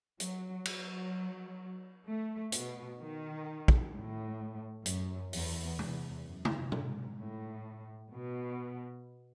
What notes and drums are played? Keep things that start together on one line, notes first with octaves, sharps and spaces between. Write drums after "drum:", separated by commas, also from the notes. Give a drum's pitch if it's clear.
F#3, drum: hi-hat
F#3, drum: cymbal
A3
B2, drum: hi-hat
D#3
drum: kick
A2
F#2, drum: hi-hat
E2, drum: open hi-hat
E2, drum: tom C3
F#2
drum: tom C3
G#2, drum: tom
A2
B2